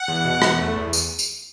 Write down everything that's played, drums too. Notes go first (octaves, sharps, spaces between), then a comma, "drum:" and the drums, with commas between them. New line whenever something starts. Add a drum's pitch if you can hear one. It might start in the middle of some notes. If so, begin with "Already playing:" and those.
Already playing: F#5
E2
B2
E2, drum: rim click
A3
E2
drum: tambourine
drum: tambourine